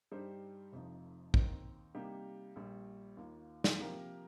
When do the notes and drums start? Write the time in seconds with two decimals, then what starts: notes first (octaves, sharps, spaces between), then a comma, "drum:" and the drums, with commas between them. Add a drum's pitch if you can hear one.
0.11 G2 G3 D#4 G4 C5
0.72 F1 F2 C3 F3 D#4
1.34 D#2 D#3 C4 D#4, drum: kick
1.95 C3 G3 A#3 D#4 G4
2.56 A#1 A#2 G3
3.17 D#2 D#3 A#3 F4
3.64 drum: snare
3.78 C3 F3 A#3 G4 A#4